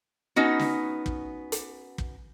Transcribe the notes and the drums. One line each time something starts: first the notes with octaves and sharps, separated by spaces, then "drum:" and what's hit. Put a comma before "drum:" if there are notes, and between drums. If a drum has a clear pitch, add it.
B3 C#4 D#4 F#4
drum: snare
drum: kick
drum: hi-hat
drum: kick